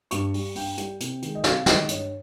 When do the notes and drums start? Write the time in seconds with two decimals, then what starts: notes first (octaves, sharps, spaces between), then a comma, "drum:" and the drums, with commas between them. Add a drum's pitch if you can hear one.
0.11 G2 C#6, drum: hi-hat
0.34 G3, drum: open hi-hat
0.55 G2 G5, drum: open hi-hat
0.78 G3, drum: hi-hat
1.00 C3, drum: hi-hat
1.22 D#3 G#3, drum: hi-hat
1.35 D#5
1.44 C3 F5, drum: snare
1.66 D#3 G#3 D#5, drum: snare
1.88 G2 C#5, drum: hi-hat